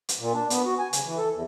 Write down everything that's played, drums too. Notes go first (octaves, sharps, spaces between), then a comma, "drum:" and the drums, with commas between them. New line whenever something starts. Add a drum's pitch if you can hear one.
drum: hi-hat
A#2
D4
B3, drum: hi-hat
F#4
G#5
C#3, drum: hi-hat
E3
A4
E2